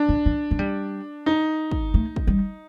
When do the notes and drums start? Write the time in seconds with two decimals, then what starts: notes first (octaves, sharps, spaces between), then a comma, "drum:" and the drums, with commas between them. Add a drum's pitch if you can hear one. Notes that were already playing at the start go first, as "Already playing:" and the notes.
Already playing: D4
0.09 D3
0.26 D#3
0.51 A3
0.59 G3
1.26 D#4
1.71 drum: kick
1.94 A3
2.16 drum: kick
2.27 G3